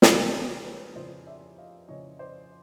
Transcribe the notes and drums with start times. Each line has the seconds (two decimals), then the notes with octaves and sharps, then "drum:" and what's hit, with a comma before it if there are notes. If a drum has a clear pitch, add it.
0.02 F2 C#3 F3 G4 A4, drum: snare
0.34 G#4 A#4
0.64 B4 C#5
0.95 F2 C#3 F3 C5 D5
1.26 D5 E5
1.58 D#5 F5
1.88 F2 C#3 F3 C#5 D#5
2.19 C5 D5